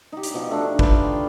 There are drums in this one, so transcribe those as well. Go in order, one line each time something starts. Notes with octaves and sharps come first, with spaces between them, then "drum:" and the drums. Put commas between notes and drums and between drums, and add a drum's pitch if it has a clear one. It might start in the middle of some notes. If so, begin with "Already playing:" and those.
D#4 G4
drum: hi-hat
B2 F3
A3 D4 D#4
B4 F5 G5, drum: kick
F4